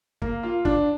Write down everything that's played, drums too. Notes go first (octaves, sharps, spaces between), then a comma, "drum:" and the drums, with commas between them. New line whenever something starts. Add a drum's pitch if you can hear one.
A#3, drum: kick
F4
D4, drum: kick